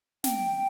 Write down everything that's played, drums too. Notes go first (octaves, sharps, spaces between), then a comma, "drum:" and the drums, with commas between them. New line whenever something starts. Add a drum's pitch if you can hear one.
G5, drum: snare